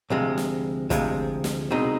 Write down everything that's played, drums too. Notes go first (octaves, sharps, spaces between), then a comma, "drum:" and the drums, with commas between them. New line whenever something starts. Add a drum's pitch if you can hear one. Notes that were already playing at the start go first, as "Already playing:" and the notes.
D2 C3 F3 G#3
drum: snare
D2 C3 F3 G#3, drum: kick, hi-hat
drum: snare
C2 B2 G#3 C4 D#4